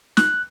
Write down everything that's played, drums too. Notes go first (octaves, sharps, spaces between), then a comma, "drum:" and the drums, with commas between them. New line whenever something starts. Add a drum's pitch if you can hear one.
F#6, drum: snare